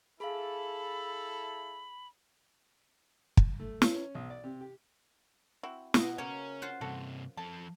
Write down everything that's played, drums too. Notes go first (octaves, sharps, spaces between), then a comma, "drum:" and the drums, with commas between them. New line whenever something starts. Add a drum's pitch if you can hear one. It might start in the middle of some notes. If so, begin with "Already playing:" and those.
E4 G#4 A4 F5 B5
drum: kick
A3
C#4, drum: snare
C#4
B1
D5
C3
G4
C4 E4 F#4
B2 B3 D#5, drum: snare
C#3 A#3 C#4 C#5 G#5
F4 C5 F#5
G2 C3 F#4 A4
F3 A4 A5